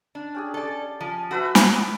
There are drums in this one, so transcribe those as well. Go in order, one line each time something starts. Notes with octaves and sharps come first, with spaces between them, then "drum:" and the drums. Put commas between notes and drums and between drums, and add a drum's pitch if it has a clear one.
D4
C#4 G4 G#4
A4 D5
F3
A3 F#4 B4 E5
F5 D#6, drum: snare